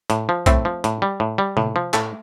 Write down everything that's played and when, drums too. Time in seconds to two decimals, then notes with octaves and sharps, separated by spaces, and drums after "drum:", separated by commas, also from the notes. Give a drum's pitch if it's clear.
0.10 A2, drum: hi-hat
0.29 F3
0.46 A2 A3 C4, drum: kick B1, hi-hat
0.65 F3
0.84 A2, drum: hi-hat
1.02 G3
1.20 A2
1.38 G3
1.57 A2, drum: tom C3
1.76 F3
1.94 A2 A3, drum: clap